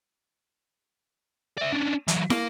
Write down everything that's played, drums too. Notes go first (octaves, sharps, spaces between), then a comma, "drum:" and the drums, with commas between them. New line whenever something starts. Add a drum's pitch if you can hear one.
D5 E5
C#4 D4
E3 F#3, drum: hi-hat
A#3, drum: snare